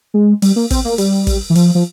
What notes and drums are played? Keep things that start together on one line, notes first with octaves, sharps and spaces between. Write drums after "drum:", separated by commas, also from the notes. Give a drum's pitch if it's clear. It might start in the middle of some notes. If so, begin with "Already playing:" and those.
G#3
G3, drum: open hi-hat
A#3
C4, drum: kick, open hi-hat
A#3
G3, drum: open hi-hat
drum: kick, open hi-hat
E3
F3, drum: open hi-hat
F3